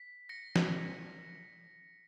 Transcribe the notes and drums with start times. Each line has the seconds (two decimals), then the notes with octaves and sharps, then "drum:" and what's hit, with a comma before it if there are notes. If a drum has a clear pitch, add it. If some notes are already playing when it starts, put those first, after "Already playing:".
Already playing: B6
0.29 A#6 C#7
0.56 drum: snare